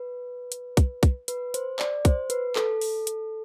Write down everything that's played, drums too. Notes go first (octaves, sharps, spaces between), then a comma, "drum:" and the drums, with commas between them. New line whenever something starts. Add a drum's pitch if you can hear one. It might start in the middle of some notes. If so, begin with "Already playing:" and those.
Already playing: B4
drum: hi-hat
drum: kick, hi-hat
drum: kick, hi-hat
B4, drum: hi-hat
C5, drum: hi-hat
D5, drum: clap
C5, drum: kick, hi-hat
B4, drum: hi-hat
A4, drum: clap
drum: open hi-hat
drum: hi-hat